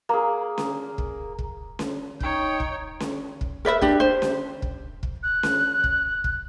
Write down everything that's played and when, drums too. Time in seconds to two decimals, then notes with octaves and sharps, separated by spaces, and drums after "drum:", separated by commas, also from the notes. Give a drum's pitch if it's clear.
0.09 A#3 G#4
0.58 drum: snare C#4
0.98 drum: kick
1.39 drum: kick
1.79 drum: snare C#4
2.20 D#4 C#5 G5, drum: kick
2.60 drum: kick
3.00 drum: snare C#4
3.41 drum: kick
3.65 A#4 B4 D5 E5
3.81 D4 G4, drum: kick
4.00 C5
4.22 drum: snare C#4
4.62 drum: kick
5.03 drum: kick
5.23 F#6
5.43 drum: snare C#4
5.84 drum: kick
6.24 drum: kick